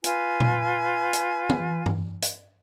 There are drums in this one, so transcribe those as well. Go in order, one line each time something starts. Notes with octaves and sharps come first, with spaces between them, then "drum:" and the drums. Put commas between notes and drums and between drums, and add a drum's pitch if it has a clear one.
F4 B4 G#5, drum: hi-hat
drum: tom A#2
drum: hi-hat
drum: tom
drum: tom G2
drum: hi-hat